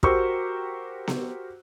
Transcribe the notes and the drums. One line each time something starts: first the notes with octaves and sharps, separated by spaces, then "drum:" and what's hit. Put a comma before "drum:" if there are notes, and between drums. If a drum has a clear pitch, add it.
F#4 G4 A#4 C5 C#6 E6, drum: kick
drum: snare B3